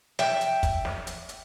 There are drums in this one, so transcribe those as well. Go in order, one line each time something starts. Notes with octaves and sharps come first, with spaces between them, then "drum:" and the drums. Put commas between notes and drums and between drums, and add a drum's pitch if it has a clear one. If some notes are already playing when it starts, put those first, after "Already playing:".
E5 G5, drum: snare
drum: hi-hat
drum: kick, hi-hat
drum: snare
drum: hi-hat
drum: hi-hat